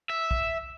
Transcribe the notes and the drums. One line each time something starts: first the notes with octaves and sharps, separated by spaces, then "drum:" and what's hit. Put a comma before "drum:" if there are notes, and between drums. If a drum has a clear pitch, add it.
E5
drum: kick